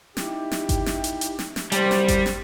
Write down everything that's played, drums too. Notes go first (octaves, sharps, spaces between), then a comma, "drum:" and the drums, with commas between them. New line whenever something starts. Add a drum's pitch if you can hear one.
D#4 E4 G4, drum: snare
drum: snare
drum: kick G#1, hi-hat
drum: snare
drum: hi-hat
drum: hi-hat
drum: snare
drum: snare
C2 F#2 G3 C5, drum: hi-hat
drum: snare
drum: kick G#1, hi-hat
drum: snare